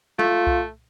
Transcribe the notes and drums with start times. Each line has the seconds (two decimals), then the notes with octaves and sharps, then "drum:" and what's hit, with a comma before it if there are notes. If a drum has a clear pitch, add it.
0.19 A3 F4, drum: tom
0.47 drum: kick C2